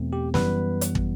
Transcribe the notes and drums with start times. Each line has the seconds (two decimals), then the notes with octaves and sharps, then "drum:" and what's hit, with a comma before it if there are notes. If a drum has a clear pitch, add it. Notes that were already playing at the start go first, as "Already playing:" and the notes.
Already playing: E2 B2 A3 C4
0.13 G4
0.34 F#2 E3 G3 B3 B4, drum: snare
0.81 drum: hi-hat
0.95 drum: kick